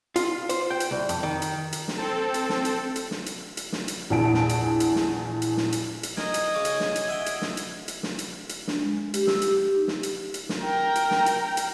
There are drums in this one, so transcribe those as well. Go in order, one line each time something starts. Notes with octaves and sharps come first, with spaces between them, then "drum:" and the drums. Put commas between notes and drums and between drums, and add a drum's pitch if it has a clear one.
F4, drum: hi-hat
C5, drum: hi-hat
G5
drum: hi-hat
C2
F2, drum: hi-hat
D#3
drum: hi-hat
drum: hi-hat
drum: snare
C4 A4
drum: hi-hat
drum: snare
drum: hi-hat
drum: hi-hat
drum: snare
drum: hi-hat
drum: hi-hat
drum: snare
drum: hi-hat
A#1 E2 A5 D7
drum: snare
drum: hi-hat
drum: hi-hat
drum: snare
drum: hi-hat
drum: snare
drum: hi-hat
drum: hi-hat
A#4 D#5 G#5, drum: snare
drum: hi-hat
C#3 C#5 D6
drum: hi-hat
drum: snare
drum: hi-hat
E5 F#5 G5
drum: hi-hat
drum: snare
drum: hi-hat
drum: hi-hat
drum: snare
drum: hi-hat
drum: hi-hat
D4, drum: snare
G#3
G4, drum: hi-hat
E6, drum: snare
G4, drum: hi-hat
G4
D#4
drum: snare
drum: hi-hat
drum: hi-hat
drum: snare
A#4 G5
drum: hi-hat
drum: snare
drum: hi-hat
drum: hi-hat